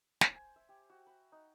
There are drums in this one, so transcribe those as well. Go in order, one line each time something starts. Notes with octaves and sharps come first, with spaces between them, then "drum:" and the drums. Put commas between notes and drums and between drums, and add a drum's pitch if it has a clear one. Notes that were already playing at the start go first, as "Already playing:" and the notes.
C5, drum: snare
G#5
E5
G4
F#4
B5
D#4